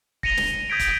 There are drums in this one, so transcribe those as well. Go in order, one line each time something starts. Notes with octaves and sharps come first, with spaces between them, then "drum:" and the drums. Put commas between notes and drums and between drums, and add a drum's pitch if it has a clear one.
A#6 C#7 D#7 F7 G7, drum: kick
drum: snare
D#6 G6 G#6 B6 D7 D#7
drum: kick, hi-hat